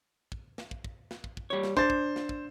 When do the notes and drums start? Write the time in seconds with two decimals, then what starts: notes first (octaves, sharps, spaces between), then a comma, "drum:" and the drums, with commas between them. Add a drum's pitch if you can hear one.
0.32 drum: kick
0.58 drum: snare
0.71 drum: kick
0.84 drum: kick
1.11 drum: snare
1.24 drum: kick
1.37 drum: kick
1.50 G3 C#5
1.63 drum: snare
1.77 D4 C5 A6, drum: kick
1.90 drum: kick
2.16 drum: snare
2.29 drum: kick